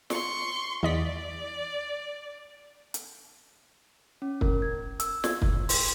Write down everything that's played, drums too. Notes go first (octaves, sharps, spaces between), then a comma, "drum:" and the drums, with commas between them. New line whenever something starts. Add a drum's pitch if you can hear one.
C6 C#6, drum: snare
E2 D5 D#5 B6
drum: hi-hat
C#4
A#4, drum: kick
G#6
E6, drum: hi-hat
G#6, drum: snare
drum: kick
C6, drum: open hi-hat